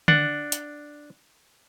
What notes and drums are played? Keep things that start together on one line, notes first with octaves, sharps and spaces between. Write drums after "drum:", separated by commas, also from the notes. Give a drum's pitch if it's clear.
D4 F#5, drum: tom D3
drum: hi-hat